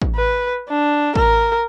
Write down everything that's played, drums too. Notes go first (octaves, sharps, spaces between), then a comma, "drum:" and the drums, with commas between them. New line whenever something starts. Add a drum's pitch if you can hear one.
drum: kick A1
B4
D4
A#4, drum: kick A1